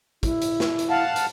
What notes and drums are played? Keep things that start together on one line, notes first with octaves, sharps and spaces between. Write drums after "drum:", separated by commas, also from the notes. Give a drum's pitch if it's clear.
E4, drum: kick, hi-hat
drum: hi-hat
drum: snare
drum: hi-hat
F5 F#5 A5
drum: hi-hat